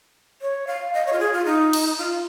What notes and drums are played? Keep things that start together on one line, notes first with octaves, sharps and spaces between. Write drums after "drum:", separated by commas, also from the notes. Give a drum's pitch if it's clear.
C#5
F5
D#5
C#5
F4
G#4
F4
D#4
drum: cymbal
F4